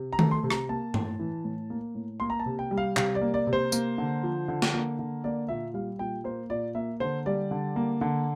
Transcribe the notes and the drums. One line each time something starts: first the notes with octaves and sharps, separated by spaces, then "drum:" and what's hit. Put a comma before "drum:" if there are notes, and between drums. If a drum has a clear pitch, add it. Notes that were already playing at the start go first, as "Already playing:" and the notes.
Already playing: C3
A#5
A3, drum: tom D#3
C6
C3
A#5, drum: rim click
A#3 A5
A2, drum: tom G2
E3
A2
A#3
A2
A#3 C6
A#5
A5
C3
G5
G3
F5
C3 F5, drum: clap
D5
A#3
D5
C3
C5
A#3, drum: tambourine
D3
F3
D3
drum: snare
A#3
D3
A#3 D5
A#2 E5
G3 F5
A#2 G5
A#3 C5
A#2 D5
A#3 E5
D3 C5
G3 D5
D3
A#3
D3